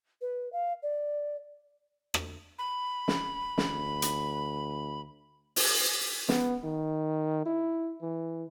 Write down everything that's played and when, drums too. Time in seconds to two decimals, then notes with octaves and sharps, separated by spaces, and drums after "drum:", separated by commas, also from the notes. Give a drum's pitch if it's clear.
0.21 B4
0.53 F5
0.83 D5
2.14 drum: rim click
2.59 B5
3.08 drum: snare
3.58 D2, drum: snare
4.02 drum: hi-hat
5.56 drum: open hi-hat
6.29 B3, drum: snare
6.64 D#3
7.46 E4
8.02 E3